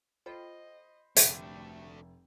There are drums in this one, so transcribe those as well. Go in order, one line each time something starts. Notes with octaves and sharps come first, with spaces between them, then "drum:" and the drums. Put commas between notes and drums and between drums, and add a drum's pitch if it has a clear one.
F4 A4 C5 D#5 G5 B5
F1 A#2 D3 G3 A3 D4, drum: hi-hat